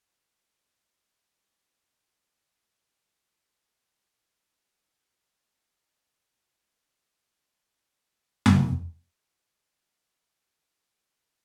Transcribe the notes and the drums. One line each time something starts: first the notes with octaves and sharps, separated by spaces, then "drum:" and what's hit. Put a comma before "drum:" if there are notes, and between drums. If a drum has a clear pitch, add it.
D3
E5
C5
G4
E4
E5
D#5
D5 A#5
F#5
D#5
B4
G#4 G5
F4 B4
E4 F#4 B5 D6
drum: tom F2
D#5
F4
G5
A4
G#4
A5
D5
G4
G4
E4
B5